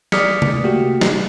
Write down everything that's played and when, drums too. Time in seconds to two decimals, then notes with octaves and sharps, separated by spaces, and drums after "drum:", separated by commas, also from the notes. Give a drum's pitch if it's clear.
0.12 D5 D6 D#6 F6 B6 C#7, drum: snare
0.42 drum: tom C3
0.63 A3 A#3 F#4 G4
1.01 drum: snare